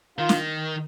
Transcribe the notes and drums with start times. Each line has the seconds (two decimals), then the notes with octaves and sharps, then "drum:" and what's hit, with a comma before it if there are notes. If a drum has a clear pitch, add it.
0.18 D#3 F4
0.29 drum: snare